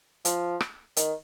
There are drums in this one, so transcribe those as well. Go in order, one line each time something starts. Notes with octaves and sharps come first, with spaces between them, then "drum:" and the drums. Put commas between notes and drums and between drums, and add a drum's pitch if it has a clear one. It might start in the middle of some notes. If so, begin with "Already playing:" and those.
F3, drum: hi-hat
drum: rim click
D#3, drum: hi-hat